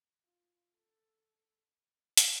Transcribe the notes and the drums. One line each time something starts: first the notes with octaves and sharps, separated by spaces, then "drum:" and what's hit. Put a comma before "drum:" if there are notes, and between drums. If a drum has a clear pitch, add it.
F4
A4
drum: hi-hat